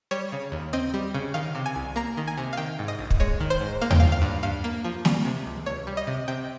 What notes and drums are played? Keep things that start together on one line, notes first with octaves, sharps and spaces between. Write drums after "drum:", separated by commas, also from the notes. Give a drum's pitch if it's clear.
G3 C#5
C#3
D#2
C4 D#5
G3
C#3
D#3 F5
C3
G#5
C2
A#3 A#5
D#3
G#5
C3
F5
D#3 G5
G#2
D#5
A#1
drum: kick
G#3 C#5
D#3
C5
G#2
A#3 F5
G5, drum: tom D#2
F5
F3
F5
G2
G2 F5
A#3
F3
G3, drum: snare
C3
C#2
C#2 C#5
G3
D#5
C3
C3 G5